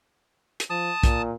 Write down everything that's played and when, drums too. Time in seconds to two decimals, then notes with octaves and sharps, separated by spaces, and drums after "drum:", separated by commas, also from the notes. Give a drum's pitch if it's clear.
0.60 drum: hi-hat
0.70 F3 A5 D#6
1.03 A#2, drum: kick, hi-hat